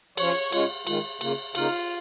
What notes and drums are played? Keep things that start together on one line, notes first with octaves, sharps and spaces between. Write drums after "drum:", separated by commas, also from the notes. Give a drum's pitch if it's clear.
F3 C#4 F4 C#5, drum: cymbal
C#3 G#3 F4, drum: cymbal
D#3 G#3 F4, drum: cymbal
C#3 A#3 F4, drum: cymbal
C#3 A#3 D#4 F4, drum: cymbal